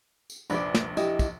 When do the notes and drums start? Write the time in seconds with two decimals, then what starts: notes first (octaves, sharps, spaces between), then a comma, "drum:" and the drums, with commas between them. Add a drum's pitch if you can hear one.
0.30 drum: tambourine
0.50 F1 A#1 D4 B4 D5, drum: tambourine
0.75 drum: snare
0.97 E4 G4 D#5, drum: tambourine
1.19 drum: kick, tambourine